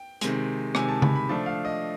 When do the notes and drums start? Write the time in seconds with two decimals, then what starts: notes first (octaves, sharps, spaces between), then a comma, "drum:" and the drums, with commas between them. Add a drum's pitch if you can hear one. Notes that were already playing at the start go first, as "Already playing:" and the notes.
Already playing: G5
0.21 C3 D#3 G#3, drum: hi-hat
0.75 C3 D#3 G#3 G#5, drum: rim click
0.89 A5
1.02 B5, drum: tom C#3
1.16 B5
1.29 F3 A3 D4 A5
1.46 F5
1.65 D#5